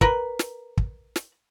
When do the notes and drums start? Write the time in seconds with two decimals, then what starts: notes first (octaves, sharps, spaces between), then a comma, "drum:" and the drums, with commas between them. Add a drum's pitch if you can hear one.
0.01 A#4 B4, drum: kick
0.39 drum: snare
0.77 drum: kick
1.16 drum: snare